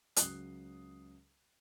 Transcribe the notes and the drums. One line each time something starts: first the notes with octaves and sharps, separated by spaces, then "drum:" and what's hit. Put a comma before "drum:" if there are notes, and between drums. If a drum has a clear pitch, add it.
C#2 F#3 D#6 F#6 C7, drum: hi-hat